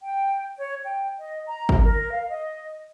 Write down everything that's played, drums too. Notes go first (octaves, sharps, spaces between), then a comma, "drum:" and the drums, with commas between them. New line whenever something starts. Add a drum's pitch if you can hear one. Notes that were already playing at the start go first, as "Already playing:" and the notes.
G5
C#5
G5
D#5
A#5
drum: kick
A#4
F5
D#5